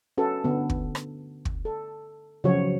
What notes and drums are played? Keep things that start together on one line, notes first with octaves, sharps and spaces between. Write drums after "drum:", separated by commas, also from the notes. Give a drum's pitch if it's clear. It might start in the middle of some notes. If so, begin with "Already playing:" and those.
C#4 F#4 A4 B4
D3 B3
drum: kick
drum: rim click
drum: kick
A4
C#3 F3 F#3 F#4 C#5